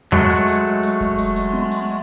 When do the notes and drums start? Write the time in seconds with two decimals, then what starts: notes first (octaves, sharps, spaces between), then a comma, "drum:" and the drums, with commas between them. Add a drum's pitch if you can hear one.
0.12 F#3 G#3 A3, drum: tom E2
0.30 drum: hi-hat
0.47 drum: hi-hat
0.65 drum: open hi-hat
0.83 drum: hi-hat
1.00 drum: kick F1, open hi-hat
1.18 drum: hi-hat
1.36 drum: hi-hat
1.53 drum: tom B3
1.71 drum: hi-hat